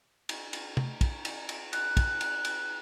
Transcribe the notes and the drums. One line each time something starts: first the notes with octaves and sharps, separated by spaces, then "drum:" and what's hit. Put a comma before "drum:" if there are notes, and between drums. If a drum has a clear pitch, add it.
drum: cymbal
drum: cymbal
drum: tom
drum: kick, cymbal
drum: cymbal
drum: cymbal
F#6, drum: cymbal
drum: kick, cymbal
drum: cymbal
drum: cymbal